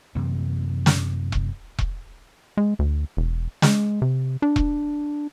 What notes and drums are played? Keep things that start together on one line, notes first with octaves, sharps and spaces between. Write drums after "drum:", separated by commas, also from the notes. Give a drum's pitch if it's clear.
F#2 C3 E3 A#3
drum: snare
drum: kick E1
drum: kick E1
G#3
D2
E1
G#3, drum: snare
C3
D4
drum: kick E1